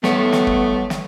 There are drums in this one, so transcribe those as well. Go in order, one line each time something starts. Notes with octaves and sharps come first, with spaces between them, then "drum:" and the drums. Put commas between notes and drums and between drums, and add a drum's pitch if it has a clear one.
G3 A3 B3 A4 C#5, drum: snare
drum: snare
drum: kick
drum: snare